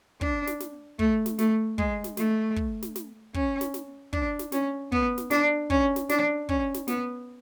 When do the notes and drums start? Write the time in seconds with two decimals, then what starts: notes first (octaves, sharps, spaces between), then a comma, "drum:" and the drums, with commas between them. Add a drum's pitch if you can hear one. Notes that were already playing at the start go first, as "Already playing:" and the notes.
0.21 D4, drum: kick
0.47 drum: snare
0.60 drum: snare
0.99 A3, drum: kick
1.26 drum: snare
1.39 A3, drum: snare
1.78 G#3, drum: kick
2.04 drum: snare
2.17 A3, drum: snare
2.56 drum: kick
2.82 drum: snare
2.96 drum: snare
3.34 C#4, drum: kick
3.61 drum: snare
3.74 drum: snare
4.13 D4, drum: kick
4.39 drum: snare
4.52 C#4, drum: snare
4.92 B3, drum: kick
5.18 drum: snare
5.31 D4, drum: snare
5.70 C#4, drum: kick
5.96 drum: snare
6.09 D4, drum: snare
6.49 C#4, drum: kick
6.74 drum: snare
6.88 B3, drum: snare